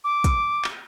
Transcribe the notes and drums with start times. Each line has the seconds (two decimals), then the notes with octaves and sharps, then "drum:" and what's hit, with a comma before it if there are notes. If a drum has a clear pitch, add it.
0.04 D6
0.24 drum: kick, hi-hat
0.64 drum: clap